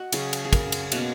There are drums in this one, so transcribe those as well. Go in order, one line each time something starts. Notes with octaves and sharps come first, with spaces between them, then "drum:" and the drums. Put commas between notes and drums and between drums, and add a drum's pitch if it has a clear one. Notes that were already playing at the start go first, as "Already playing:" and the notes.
Already playing: F#4 D#5
C#3 F#3 C#4 G#4, drum: cymbal
drum: cymbal
G#4
A#4, drum: kick, cymbal
drum: cymbal
B2 A#3 C#4 F#4, drum: cymbal